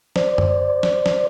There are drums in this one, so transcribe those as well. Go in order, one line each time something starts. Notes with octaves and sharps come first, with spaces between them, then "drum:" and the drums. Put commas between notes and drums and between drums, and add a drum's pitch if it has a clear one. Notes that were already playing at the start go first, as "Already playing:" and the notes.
C5 D5, drum: snare
drum: tom F#2
drum: snare
drum: snare